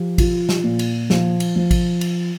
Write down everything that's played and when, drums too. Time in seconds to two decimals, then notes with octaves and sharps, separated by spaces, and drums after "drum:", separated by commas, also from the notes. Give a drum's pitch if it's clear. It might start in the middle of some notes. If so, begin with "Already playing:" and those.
Already playing: F3 G4
0.18 F4, drum: kick A1, cymbal
0.49 drum: snare
0.64 A#2
0.79 drum: cymbal
1.10 F3, drum: snare
1.40 drum: cymbal
1.56 F3
1.71 drum: kick A1, cymbal
2.01 drum: cymbal